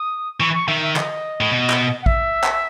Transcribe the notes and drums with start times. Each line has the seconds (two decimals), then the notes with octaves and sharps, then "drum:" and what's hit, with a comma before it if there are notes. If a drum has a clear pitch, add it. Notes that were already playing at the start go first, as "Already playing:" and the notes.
Already playing: D#6
0.40 E3 C#6
0.54 C#6
0.68 D#3 E5
0.82 E5
0.96 D#5, drum: clap
1.41 A2
1.52 B2
1.70 drum: clap
2.02 F#5
2.06 E5, drum: kick
2.44 drum: clap